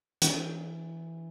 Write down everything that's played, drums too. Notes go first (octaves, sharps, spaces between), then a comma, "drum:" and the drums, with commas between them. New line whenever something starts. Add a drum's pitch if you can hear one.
E3, drum: hi-hat